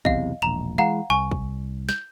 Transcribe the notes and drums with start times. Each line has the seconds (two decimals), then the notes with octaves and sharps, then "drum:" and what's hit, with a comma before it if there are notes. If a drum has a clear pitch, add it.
0.05 B1 E2 C3 D#5 F5, drum: kick
0.42 E1 A#1 A#5 F7
0.78 E3 G#3 F5 F#5 A#5
1.10 C2 G#5 C#6
1.31 drum: kick
1.89 G6, drum: snare